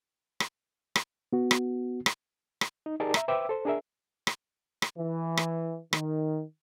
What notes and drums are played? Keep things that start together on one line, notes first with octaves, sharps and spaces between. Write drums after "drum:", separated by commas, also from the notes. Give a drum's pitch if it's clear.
drum: rim click
drum: rim click
B3 F#4
drum: rim click
drum: rim click
drum: rim click
D#4
D#4 G4 G#4 A#4 D5 A5
E5 A#5, drum: rim click
B4 C5 E5 G5 D6 E6
A4 C5
D4 G#4 A#4 E5
drum: rim click
drum: rim click
E3
drum: rim click
D#3, drum: rim click